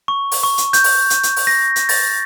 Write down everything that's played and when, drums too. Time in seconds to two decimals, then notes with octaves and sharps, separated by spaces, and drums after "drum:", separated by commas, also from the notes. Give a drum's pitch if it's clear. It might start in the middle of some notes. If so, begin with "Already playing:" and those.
0.08 C#6
0.32 drum: open hi-hat
0.43 C#6
0.58 drum: hi-hat
0.73 G6, drum: hi-hat
0.84 drum: open hi-hat
1.10 drum: hi-hat
1.23 drum: hi-hat
1.36 drum: open hi-hat
1.47 A#6
1.76 drum: hi-hat
1.89 A6, drum: open hi-hat